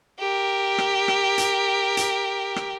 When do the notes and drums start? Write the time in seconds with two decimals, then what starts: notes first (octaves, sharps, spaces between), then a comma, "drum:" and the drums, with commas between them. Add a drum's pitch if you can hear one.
0.19 G4 A#4
0.78 drum: rim click
1.08 drum: rim click
1.38 drum: hi-hat
1.97 drum: hi-hat
2.56 drum: rim click